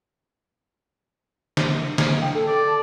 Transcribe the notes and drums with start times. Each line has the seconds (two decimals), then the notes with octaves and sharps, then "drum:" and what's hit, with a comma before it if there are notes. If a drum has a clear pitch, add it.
1.57 drum: snare
1.98 drum: snare
2.21 G5
2.35 A4
2.47 D5
2.67 A5